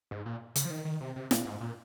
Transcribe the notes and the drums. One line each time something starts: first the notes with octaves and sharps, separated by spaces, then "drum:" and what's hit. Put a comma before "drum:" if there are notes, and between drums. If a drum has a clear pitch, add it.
G#2
A#2
C#3, drum: hi-hat
F3
D#3
D#3
C3
C3
A#2, drum: snare
G#2
A#2